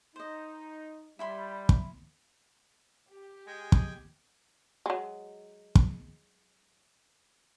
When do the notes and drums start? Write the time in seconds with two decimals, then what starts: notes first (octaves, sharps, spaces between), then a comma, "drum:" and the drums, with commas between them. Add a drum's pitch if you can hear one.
0.16 D#4 C5 D#5
1.19 G3 E4 B5 C6
1.69 drum: kick
3.11 G4
3.47 G#3 G5 G#5
3.72 drum: kick
4.86 F#3 G#3
5.75 drum: kick